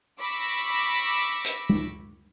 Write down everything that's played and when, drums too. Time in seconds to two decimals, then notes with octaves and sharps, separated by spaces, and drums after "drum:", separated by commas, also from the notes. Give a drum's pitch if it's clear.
0.21 B5 C#6 D6 E6 A#6
1.45 drum: hi-hat
1.69 drum: tom G#3